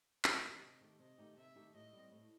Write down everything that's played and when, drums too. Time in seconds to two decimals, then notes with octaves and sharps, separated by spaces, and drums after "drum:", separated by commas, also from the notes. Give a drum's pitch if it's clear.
0.24 C3 D#5, drum: clap
0.43 D#3 A3 D#4 G4
0.62 C3
0.80 D#3 A3 D#4 G4
0.99 C3 D#5
1.18 D#3 A3 D#4 G4
1.37 C3 E5
1.56 D#3 A3 D#4 G4
1.74 A2 D#5
1.93 G3 C4
2.11 A2